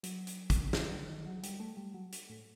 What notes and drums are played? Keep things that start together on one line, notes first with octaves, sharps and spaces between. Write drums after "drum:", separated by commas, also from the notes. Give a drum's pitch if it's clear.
F#3, drum: hi-hat
drum: hi-hat
drum: kick, hi-hat
D#3, drum: snare
D3
D#3
F#3
G3, drum: hi-hat
A3
G3
F#3
drum: hi-hat
A2